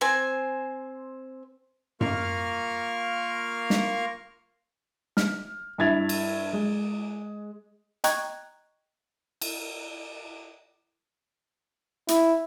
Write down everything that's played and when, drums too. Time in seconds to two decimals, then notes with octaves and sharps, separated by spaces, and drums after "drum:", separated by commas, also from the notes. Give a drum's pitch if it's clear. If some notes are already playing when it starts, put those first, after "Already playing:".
0.01 C4 C5 G#5
2.01 A#3 F4 A#4 F5 C#6 F6, drum: tom F#2
3.70 drum: snare
5.17 F6, drum: snare
5.78 G2 E4 E5 G#6 A6 F7
6.09 drum: cymbal
6.53 G#3
8.04 D#5 G5 A#5 C#6 F#6 G#6, drum: hi-hat
9.42 drum: cymbal
12.08 E4, drum: hi-hat